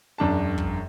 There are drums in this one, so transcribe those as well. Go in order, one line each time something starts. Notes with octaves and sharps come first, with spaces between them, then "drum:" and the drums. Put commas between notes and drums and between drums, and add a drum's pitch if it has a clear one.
E1 F#2 D4 A5
drum: kick